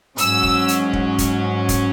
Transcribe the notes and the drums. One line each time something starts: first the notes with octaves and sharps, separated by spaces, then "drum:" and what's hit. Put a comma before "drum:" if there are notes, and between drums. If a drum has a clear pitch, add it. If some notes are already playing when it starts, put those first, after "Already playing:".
G#2 F#3 C#4 E6, drum: hi-hat
drum: kick
drum: hi-hat
drum: kick
drum: kick, hi-hat
drum: kick, hi-hat